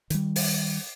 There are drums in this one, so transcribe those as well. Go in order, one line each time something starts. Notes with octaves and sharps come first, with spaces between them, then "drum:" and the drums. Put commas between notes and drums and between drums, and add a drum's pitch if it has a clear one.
D#3 G3, drum: hi-hat
drum: open hi-hat